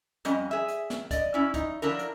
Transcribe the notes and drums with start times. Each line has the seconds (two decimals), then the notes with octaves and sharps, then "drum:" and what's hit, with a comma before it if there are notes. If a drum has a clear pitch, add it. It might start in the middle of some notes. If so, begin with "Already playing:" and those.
0.25 F2 G3 C#4 D#5, drum: hi-hat
0.51 G#4 E5
0.68 drum: hi-hat
0.90 drum: snare
1.11 D5 D#5, drum: kick C#2, hi-hat
1.34 C#4 E4
1.54 D#4, drum: kick C#2, hi-hat
1.82 F3 F#3 D4 E4 A#4
1.99 drum: hi-hat